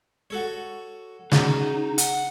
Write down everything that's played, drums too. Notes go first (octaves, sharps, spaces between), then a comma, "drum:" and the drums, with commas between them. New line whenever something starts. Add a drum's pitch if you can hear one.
F#4 A4 C#5
C#3 D#4 F#4, drum: snare
F#5, drum: hi-hat